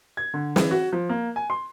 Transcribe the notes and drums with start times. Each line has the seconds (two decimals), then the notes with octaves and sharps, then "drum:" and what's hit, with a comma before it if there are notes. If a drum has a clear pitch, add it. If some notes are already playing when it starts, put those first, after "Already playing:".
0.17 G#6
0.34 D3
0.56 E3, drum: snare
0.71 F#4
0.93 F3
1.09 A#3
1.36 G#5
1.50 C6